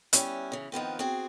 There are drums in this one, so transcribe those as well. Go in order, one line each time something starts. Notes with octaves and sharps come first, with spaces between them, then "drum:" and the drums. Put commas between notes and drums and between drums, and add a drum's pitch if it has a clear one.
G3 B3 C#4 E4, drum: hi-hat
C#3 E3
D#3 F3 B3 C4
C4 F#4 G#4